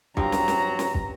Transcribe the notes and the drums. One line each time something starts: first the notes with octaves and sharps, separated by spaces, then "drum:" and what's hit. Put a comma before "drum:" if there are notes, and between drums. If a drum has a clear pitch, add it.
G2 F3 F#3 C4 A#5, drum: kick
drum: snare
drum: snare
drum: snare
drum: kick